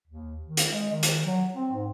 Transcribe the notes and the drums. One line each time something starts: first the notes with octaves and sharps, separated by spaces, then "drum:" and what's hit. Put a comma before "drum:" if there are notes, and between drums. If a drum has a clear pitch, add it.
D#2
D#3
drum: hi-hat
G#3
D#3
drum: hi-hat
F#3
C4
G#2